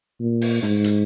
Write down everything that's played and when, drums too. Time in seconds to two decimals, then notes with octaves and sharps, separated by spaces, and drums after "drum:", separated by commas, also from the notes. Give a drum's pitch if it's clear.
0.20 A#2
0.41 drum: open hi-hat
0.62 G#2, drum: snare
0.84 drum: hi-hat